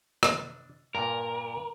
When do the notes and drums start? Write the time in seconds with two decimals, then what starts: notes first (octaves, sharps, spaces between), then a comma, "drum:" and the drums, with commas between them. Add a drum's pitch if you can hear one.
0.23 D4, drum: rim click
0.95 G2 A#2 A#4